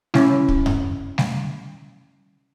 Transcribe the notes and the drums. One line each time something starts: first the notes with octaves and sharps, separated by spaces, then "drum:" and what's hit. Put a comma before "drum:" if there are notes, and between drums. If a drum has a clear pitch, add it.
C#4 E4, drum: snare G3
drum: kick
drum: tom F#2
drum: snare G3